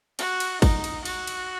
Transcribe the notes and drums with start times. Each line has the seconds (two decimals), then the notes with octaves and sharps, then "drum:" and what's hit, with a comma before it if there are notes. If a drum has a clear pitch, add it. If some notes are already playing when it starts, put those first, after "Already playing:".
0.19 F#4, drum: cymbal
0.40 drum: cymbal
0.62 D#4, drum: kick, cymbal
0.84 drum: cymbal
1.05 F#4, drum: cymbal
1.27 drum: cymbal